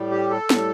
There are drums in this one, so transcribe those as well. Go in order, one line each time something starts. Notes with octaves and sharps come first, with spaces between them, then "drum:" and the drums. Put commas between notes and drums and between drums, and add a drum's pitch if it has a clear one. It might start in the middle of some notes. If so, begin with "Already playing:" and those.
Already playing: A2 G3
G4
A4
A2 G3, drum: snare